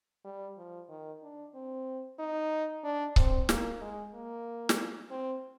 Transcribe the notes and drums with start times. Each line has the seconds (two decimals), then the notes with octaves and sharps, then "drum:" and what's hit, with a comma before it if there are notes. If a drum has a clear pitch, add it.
0.25 G3
0.57 F3
0.89 D#3
1.23 D4
1.54 C4
2.19 D#4
2.84 D4
3.16 C4, drum: kick C#1
3.49 A#3, drum: snare
3.81 G#3
4.14 A#3
4.69 drum: snare
5.10 C4